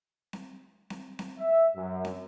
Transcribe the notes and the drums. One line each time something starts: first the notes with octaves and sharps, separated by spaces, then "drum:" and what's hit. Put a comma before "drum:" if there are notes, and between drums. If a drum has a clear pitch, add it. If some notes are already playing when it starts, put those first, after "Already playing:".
drum: snare C4
drum: snare C4
drum: snare C4
E5
F#2
drum: snare C4